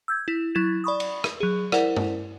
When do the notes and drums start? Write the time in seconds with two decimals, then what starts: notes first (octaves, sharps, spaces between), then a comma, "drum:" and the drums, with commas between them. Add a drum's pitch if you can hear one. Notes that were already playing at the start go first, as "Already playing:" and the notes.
0.08 E6 G6 G#6
0.28 E4
0.55 F#3 E4 G#6 A6 E7
0.84 D5 B5 C#6 D#6
1.00 drum: cymbal
1.24 drum: rim click
1.40 F#3 G#4
1.72 E4 A#4 C5 D5 F#5, drum: rim click
1.96 drum: tom